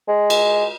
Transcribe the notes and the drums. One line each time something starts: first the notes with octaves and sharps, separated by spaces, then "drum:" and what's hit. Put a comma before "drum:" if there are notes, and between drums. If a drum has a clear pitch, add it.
G#3
drum: cymbal